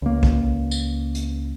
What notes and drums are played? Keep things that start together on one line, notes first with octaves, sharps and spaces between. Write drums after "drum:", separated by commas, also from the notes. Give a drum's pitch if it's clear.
C#2 A#3
drum: kick B1
drum: tambourine
drum: hi-hat